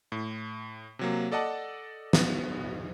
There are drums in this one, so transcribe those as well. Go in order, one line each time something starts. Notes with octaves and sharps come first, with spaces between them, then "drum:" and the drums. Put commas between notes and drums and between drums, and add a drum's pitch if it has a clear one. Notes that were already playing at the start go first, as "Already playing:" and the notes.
A2
C3 F#3 A#3
A4 D5 D#5 F#5 A5
B3, drum: snare